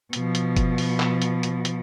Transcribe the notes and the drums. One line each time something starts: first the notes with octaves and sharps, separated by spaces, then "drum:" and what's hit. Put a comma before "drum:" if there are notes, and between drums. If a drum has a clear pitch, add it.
B2 F3, drum: hi-hat
drum: hi-hat
drum: kick F#1, hi-hat
drum: open hi-hat
drum: clap
drum: hi-hat
drum: hi-hat
drum: hi-hat